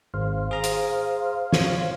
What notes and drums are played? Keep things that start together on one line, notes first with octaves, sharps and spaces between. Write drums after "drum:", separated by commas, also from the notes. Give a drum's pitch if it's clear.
G#1 C5 F5
G#4 A#5 D#6
drum: hi-hat
C#5, drum: snare